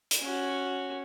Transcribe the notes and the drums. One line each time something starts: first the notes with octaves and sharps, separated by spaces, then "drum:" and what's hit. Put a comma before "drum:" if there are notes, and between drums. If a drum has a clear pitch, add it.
drum: hi-hat
C#4 F#4